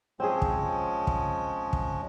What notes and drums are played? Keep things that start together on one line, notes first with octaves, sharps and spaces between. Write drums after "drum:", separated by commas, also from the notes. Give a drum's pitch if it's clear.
F3 G#3 C4 C#4 G#4
drum: kick
drum: kick
drum: kick